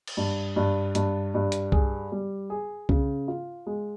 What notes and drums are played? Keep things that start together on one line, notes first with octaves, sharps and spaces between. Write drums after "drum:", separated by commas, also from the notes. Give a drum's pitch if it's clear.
drum: cymbal
G2
G2
G2, drum: hi-hat
G2
drum: hi-hat
G#4, drum: kick C2
G3
G#4
C#3, drum: kick C2
F4
G#3